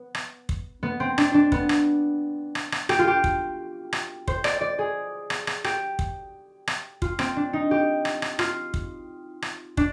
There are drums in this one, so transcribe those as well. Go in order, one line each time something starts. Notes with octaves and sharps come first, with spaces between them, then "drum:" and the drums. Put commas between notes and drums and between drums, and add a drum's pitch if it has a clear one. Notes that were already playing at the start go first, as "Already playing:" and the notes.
Already playing: B3
drum: rim click
drum: kick
B3
C4
D4, drum: rim click
D4
B3, drum: kick
drum: rim click
drum: rim click
drum: rim click
G4, drum: rim click
F4
G4
drum: kick
drum: rim click
C5, drum: kick
D5, drum: rim click
D5
G#4
drum: rim click
drum: rim click
G4, drum: rim click
drum: kick
drum: rim click
F4, drum: kick
C4, drum: rim click
D4
D#4
G4
drum: rim click
drum: rim click
F4, drum: rim click
drum: kick
drum: rim click
D4, drum: kick